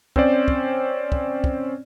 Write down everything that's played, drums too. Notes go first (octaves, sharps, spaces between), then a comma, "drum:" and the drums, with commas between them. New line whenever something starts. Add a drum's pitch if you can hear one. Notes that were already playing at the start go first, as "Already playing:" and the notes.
C4 C#4 C5 D5, drum: kick
drum: kick
drum: kick
drum: kick